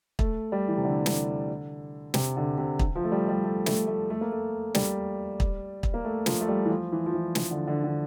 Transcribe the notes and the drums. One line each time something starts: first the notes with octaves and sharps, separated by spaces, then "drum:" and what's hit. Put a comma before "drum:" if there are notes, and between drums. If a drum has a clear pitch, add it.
A3, drum: kick
G3
E3
C3
D3
drum: snare
C3, drum: snare
D3
C3
drum: kick
F3
A3
G3
G3
A3
A3, drum: snare
A3
A3
A#3
A3
G3, drum: snare
drum: kick
drum: kick
A#3
A3
F3, drum: snare
A3
G3
E3
F3
E3
F3
E3
drum: snare
D3
D3
D3